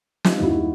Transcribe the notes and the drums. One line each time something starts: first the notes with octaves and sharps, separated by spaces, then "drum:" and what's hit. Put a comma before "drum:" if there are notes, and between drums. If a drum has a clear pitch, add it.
G3 D#4 F4, drum: snare
D#2 E4 F#4
G3